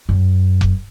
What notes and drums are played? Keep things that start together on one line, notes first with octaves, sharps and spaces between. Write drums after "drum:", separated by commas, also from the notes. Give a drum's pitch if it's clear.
F#2
drum: kick F1